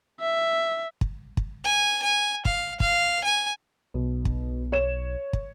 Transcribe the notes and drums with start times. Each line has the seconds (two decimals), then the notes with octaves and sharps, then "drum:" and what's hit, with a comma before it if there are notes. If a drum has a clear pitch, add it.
0.21 E5
1.01 drum: kick
1.37 drum: kick
1.64 G#5
2.02 G#5
2.45 F5, drum: kick
2.80 F5, drum: kick
3.24 G#5
3.94 B1 B2
4.25 drum: kick
4.72 C#5 E7
5.33 drum: kick